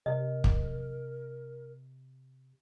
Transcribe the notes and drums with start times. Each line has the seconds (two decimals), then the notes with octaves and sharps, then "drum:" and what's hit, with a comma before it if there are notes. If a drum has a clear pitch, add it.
0.06 C3 A#4 D#5
0.44 drum: kick